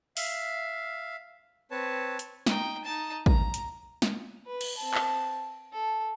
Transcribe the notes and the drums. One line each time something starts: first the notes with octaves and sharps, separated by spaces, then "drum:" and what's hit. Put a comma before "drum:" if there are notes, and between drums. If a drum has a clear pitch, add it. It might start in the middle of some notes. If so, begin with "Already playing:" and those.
E5 F5, drum: open hi-hat
C4 B4 C#5 A5
drum: hi-hat
D#4 G5, drum: snare
D#4 A5
A#5, drum: kick
drum: hi-hat
drum: snare
B4
drum: cymbal
C4 A5
drum: clap
A4